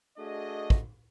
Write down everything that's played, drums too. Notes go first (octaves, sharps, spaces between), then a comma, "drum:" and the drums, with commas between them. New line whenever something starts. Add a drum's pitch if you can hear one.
A3 D4 F#4 G#4 D#5
drum: kick